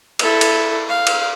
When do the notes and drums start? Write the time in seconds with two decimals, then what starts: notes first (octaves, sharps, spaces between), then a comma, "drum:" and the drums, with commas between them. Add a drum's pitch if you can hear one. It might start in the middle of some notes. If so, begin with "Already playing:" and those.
0.19 E4 A4, drum: cymbal
0.41 drum: cymbal
0.88 F5
1.07 drum: cymbal